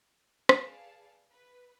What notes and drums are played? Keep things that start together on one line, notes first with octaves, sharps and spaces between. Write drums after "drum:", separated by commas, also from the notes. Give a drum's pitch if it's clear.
G#4 A4 B4 D5 F5 A5, drum: rim click
B4